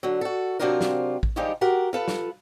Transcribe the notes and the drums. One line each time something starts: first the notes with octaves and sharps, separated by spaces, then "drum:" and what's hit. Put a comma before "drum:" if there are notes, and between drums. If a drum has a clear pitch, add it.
D3 F#3
F#4 A4
C3 F#3 C4 D4 F4 A#4
drum: snare
drum: kick A1
D#3 F3 G3 G#3 D#4 G4
F#4 G4 A#4 F#5
F4 A4 B4
drum: snare